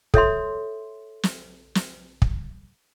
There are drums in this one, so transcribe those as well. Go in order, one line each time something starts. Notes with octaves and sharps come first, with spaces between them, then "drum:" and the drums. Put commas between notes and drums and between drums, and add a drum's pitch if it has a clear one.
A4 C#5 E5 C6, drum: kick
drum: snare
drum: snare
drum: kick